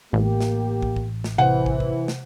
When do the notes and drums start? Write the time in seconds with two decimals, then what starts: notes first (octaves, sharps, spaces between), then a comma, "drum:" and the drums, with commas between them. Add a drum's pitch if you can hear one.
0.13 A1 A#3 G4
0.41 drum: snare
0.82 drum: kick
0.96 drum: kick
1.24 drum: snare
1.38 C3 E3 C5 F#5
1.66 drum: kick
1.80 drum: kick
2.08 drum: snare